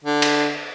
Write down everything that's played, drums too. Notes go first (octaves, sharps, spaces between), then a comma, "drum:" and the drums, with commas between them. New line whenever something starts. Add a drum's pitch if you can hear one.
D3
drum: cymbal